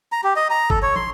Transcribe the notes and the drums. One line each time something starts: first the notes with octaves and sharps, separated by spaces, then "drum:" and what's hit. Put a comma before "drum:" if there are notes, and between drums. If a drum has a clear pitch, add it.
A#5
G4
D#5
A#5
A4, drum: kick
C#5
C6, drum: tom